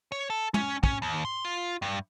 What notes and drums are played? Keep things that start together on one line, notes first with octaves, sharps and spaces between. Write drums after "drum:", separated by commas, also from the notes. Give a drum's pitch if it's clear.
C#5
A4
C#4, drum: tom
C#4, drum: kick
D#2
C6
F4
G2